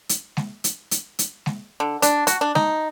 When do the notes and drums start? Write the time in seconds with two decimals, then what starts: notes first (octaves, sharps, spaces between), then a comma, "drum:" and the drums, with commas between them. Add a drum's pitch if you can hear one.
0.09 drum: hi-hat
0.37 drum: snare G#3
0.64 drum: hi-hat
0.91 drum: hi-hat
1.19 drum: hi-hat
1.46 drum: snare G#3
1.80 D3
2.02 D4, drum: hi-hat
2.27 F#4, drum: hi-hat
2.41 D4
2.55 D#4, drum: snare G#3